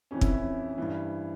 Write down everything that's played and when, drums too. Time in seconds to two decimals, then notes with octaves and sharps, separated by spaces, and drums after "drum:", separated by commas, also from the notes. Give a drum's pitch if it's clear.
0.11 F2 E3 C#4
0.21 E4, drum: kick
0.32 C#4
0.78 G2 E3